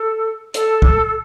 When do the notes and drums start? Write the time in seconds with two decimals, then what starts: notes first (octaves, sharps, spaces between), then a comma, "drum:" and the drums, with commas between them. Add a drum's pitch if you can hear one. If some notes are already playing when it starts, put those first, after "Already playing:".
Already playing: A4
0.54 A4, drum: hi-hat
0.82 drum: kick